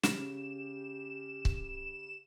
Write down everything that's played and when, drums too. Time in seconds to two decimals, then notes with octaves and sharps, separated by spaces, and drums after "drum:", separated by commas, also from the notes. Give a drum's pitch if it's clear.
0.03 C#3 G4 E7, drum: snare
1.45 drum: kick C#1